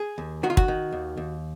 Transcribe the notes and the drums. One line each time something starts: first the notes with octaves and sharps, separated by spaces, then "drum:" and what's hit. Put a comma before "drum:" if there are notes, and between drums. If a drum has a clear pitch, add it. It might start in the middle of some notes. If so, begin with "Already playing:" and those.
Already playing: G#4
D#2
D#3 F#4
F4
F#4, drum: kick
D#3
D#2
D#2